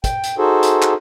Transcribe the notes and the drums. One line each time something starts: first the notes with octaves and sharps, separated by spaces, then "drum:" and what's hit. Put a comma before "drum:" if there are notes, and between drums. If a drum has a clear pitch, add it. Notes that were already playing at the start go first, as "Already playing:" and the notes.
G5, drum: kick, hi-hat
drum: hi-hat
D#4 F#4 G#4 A4 C5
drum: hi-hat
drum: clap